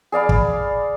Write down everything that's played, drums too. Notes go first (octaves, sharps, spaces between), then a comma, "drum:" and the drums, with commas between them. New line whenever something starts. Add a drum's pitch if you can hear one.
G#4 D5 F5 B5
drum: kick